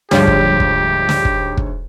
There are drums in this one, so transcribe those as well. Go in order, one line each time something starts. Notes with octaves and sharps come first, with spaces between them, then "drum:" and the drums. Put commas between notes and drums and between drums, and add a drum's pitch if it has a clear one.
D2 G#2 F3 G3 G4 C#5, drum: snare
drum: kick
drum: kick
drum: snare
drum: kick
drum: kick